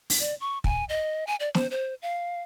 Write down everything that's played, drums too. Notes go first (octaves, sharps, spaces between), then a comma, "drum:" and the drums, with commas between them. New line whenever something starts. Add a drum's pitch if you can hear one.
drum: open hi-hat
D5
C#6
G#5, drum: kick
D#5
G#5
D5
C5, drum: snare
C5
F5